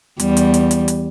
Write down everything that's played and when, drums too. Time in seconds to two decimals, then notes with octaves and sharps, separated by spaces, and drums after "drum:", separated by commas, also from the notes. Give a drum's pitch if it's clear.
0.20 E2 G3, drum: hi-hat
0.37 drum: hi-hat
0.54 drum: hi-hat
0.71 drum: hi-hat
0.88 drum: hi-hat